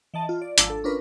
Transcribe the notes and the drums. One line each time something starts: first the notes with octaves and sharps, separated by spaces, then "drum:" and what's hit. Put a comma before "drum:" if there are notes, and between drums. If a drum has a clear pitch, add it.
E3 D#5 A5
F4
D5
G#1 F3 D4 A5 D6 E6, drum: hi-hat
A4
C#4 D4 F4 A#4 B4